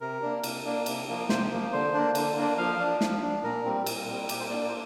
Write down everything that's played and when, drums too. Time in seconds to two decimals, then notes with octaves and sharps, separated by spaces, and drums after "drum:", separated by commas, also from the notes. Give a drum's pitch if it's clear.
0.01 C3 A#4
0.22 A#3 D4
0.43 C3, drum: cymbal
0.65 A#3 D4
0.86 C3, drum: cymbal
1.08 F3 A#3
1.29 C3 C5, drum: snare
1.51 F3 A#3
1.72 D3 C5
1.94 A#3 D4
2.15 D3, drum: cymbal
2.37 A#3 D4
2.58 F3 F5
2.80 D4
3.01 F3, drum: snare
3.22 D4
3.44 A#2 A#4
3.65 G3 C4
3.86 A#2, drum: cymbal
4.08 G3 C4
4.29 A#2 G4, drum: cymbal
4.40 C5
4.50 A#3 D4 D5
4.61 D5
4.68 C5